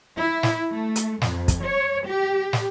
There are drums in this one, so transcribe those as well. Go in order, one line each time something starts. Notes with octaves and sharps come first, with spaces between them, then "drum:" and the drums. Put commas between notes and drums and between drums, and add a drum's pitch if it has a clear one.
E4
drum: snare
A3
drum: hi-hat
F2, drum: snare
drum: kick, hi-hat
C#5
G4
drum: snare